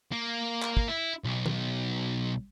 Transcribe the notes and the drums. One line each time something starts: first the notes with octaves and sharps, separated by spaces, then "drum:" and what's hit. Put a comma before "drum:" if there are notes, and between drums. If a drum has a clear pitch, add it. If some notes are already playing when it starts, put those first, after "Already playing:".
A#3
drum: clap
drum: kick
E4
B1
drum: tom